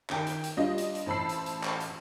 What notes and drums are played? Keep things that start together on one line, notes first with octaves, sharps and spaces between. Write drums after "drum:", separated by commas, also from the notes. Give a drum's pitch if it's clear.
D#3 G5, drum: clap
drum: hi-hat
drum: hi-hat
G3 D4 F4 D#5
drum: hi-hat
drum: hi-hat
A1 C5 A5 B5 E6 C7
drum: hi-hat
drum: hi-hat
drum: clap
drum: hi-hat